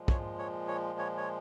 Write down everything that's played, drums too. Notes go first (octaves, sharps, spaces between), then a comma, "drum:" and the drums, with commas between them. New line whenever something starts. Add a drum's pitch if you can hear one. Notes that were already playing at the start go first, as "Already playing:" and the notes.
Already playing: A#2 F3 G#3
C#5, drum: kick
C#5
C#5
C#5
C#5